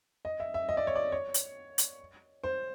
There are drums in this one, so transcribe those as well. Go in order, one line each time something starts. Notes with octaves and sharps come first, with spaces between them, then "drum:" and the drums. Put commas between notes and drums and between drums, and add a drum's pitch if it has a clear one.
D#5
E5
E5
D#5
D5
C#5
D5
C#5
drum: hi-hat
drum: hi-hat
C5